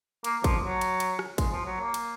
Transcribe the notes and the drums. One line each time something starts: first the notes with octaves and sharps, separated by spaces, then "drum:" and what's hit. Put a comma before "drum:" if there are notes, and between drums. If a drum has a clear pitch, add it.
A#3, drum: cymbal
F3, drum: kick, cymbal
F#3
drum: cymbal
drum: cymbal
drum: rim click
G#3, drum: kick, cymbal
F3
F#3
A#3
drum: cymbal